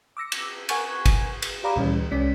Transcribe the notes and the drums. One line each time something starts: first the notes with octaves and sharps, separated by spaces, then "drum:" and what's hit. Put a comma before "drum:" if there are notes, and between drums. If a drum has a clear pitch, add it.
D6 E6 A#6 C#7
drum: cymbal
A#4 F#5 G#5 C#6 F#6 G#6, drum: cymbal
drum: kick, cymbal
drum: cymbal
G4 D5 F5 A#5 B5 D6
D2 A#2 D#3 E3 G3 C#4
C2 G#3 C#4 D5 B6